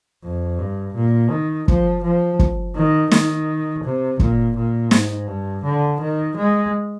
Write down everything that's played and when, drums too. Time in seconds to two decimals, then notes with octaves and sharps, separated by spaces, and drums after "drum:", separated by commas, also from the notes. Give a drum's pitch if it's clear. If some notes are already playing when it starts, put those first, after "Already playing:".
0.24 F2
0.59 G2
0.95 A#2
1.31 D#3
1.68 F3, drum: kick
2.03 F3
2.39 drum: kick
2.75 D#3
3.11 D#3, drum: snare
3.84 C3
4.20 A#2, drum: kick
4.56 A#2
4.91 G#2, drum: snare
5.27 G2
5.64 D3
6.00 D#3
6.36 G#3